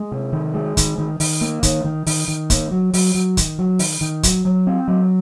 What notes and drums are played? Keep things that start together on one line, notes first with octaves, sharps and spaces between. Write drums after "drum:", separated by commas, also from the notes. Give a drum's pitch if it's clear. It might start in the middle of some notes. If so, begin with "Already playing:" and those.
Already playing: G#3
C3
D#3
G#3
D#3, drum: kick, hi-hat
D#3
D#3, drum: open hi-hat
A#3
D#3, drum: kick, hi-hat
D#3
D#3, drum: open hi-hat
D#3
A#3, drum: kick, hi-hat
F#3
F#3, drum: open hi-hat
F#3
D#3, drum: kick, hi-hat
F#3
D#3, drum: open hi-hat
D#3
F#3, drum: kick, hi-hat
F#3
C4
F#3